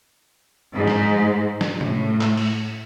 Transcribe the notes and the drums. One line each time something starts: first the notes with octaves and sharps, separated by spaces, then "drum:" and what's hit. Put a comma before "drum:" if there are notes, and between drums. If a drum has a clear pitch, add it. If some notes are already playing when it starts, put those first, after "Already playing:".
G#2
drum: snare
drum: snare
A2, drum: tom
drum: clap
drum: cymbal